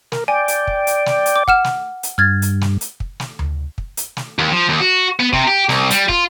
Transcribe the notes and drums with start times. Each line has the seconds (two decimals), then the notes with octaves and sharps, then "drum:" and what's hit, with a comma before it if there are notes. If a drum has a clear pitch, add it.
0.12 A#4, drum: snare
0.28 D5 G5 G#5
0.48 drum: hi-hat
0.67 drum: kick
0.87 drum: hi-hat
1.06 drum: snare
1.26 drum: hi-hat
1.36 D6
1.48 F#5 F6 E7, drum: kick
1.64 drum: snare
2.03 drum: hi-hat
2.18 G2 F6 G#6 A6
2.42 drum: hi-hat
2.61 drum: snare
2.81 drum: hi-hat
3.00 drum: kick
3.20 drum: snare
3.39 drum: tom D2
3.78 drum: kick
3.97 drum: hi-hat
4.17 drum: snare
4.39 D#2
4.52 F3
4.69 D#2
4.80 F#4
5.20 B3
5.33 C3, drum: kick
5.48 G4
5.69 C2, drum: snare
5.90 G3, drum: hi-hat
6.09 F4, drum: kick